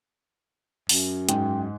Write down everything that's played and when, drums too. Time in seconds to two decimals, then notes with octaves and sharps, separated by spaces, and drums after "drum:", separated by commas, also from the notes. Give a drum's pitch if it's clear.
0.89 F#2, drum: open hi-hat
1.29 G#2 G5, drum: hi-hat